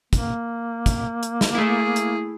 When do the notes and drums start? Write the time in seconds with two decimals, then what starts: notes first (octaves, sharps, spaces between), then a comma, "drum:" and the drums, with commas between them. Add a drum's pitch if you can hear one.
0.13 A#3, drum: kick, hi-hat
0.86 drum: kick, hi-hat
1.23 drum: hi-hat
1.41 drum: snare
1.55 A3 E4 G#4
1.96 drum: hi-hat